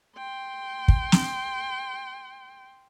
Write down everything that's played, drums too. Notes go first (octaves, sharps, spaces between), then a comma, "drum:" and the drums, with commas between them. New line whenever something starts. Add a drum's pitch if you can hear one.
G5 C6
drum: kick
drum: snare